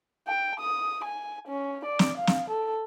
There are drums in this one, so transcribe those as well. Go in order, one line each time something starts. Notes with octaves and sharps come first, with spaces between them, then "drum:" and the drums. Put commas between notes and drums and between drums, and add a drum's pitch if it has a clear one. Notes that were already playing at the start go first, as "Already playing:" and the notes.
G5
D#6
G#5
C#4
D5
drum: snare
F5
drum: snare
A4